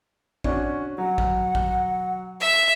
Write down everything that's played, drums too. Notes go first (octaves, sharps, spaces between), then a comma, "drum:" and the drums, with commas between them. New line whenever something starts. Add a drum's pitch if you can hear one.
C#4 D4 F#4, drum: kick
F#3 F#5
drum: kick
drum: kick
E5